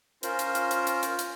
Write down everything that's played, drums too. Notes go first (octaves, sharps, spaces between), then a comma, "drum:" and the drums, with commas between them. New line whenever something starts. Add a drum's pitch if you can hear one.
C#4 F4 A#4 C5, drum: hi-hat
drum: hi-hat
drum: hi-hat
drum: hi-hat
drum: hi-hat
drum: hi-hat
drum: hi-hat